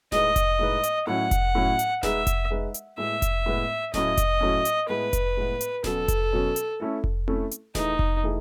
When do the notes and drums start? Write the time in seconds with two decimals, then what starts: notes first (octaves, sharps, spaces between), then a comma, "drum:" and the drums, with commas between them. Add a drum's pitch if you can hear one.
0.12 A2 G#3 D#4 G#4 B4 D#5, drum: snare D#1
0.36 drum: kick F1, hi-hat
0.59 A2 G#3 D#4 G#4 B4
0.83 drum: hi-hat
1.07 A2 F#3 C#4 F#5
1.31 drum: kick F1, hi-hat
1.55 A2 F#3 C#4
1.79 drum: hi-hat
2.03 G#3 D#4 G#4 B4 E5, drum: snare D#1
2.27 drum: kick F1, hi-hat
2.51 G#3 D#4 G#4 B4
2.74 drum: hi-hat
2.98 A2 G#3 B3 E5
3.22 drum: kick F1, hi-hat
3.46 A2 G#3 B3
3.94 A2 F#3 A3 C#4 D#5, drum: snare D#1
4.17 drum: kick F1, hi-hat
4.41 A2 F#3 A3 C#4
4.65 drum: hi-hat
4.89 A2 G#3 B3 B4
5.13 drum: kick F1, hi-hat
5.37 A2 G#3 B3
5.61 drum: hi-hat
5.84 B2 F#3 C#4 A4, drum: snare D#1
6.08 drum: kick F1, hi-hat
6.33 B2 F#3 C#4
6.56 drum: hi-hat
6.80 A3 C#4 E4 A4
7.04 drum: kick F1
7.28 A3 C#4 E4 A4, drum: tom C4
7.51 drum: hi-hat
7.75 E3 A3 D#4 E4 G#4, drum: snare D#1
7.99 drum: kick F1
8.23 E3 A3 E4 G#4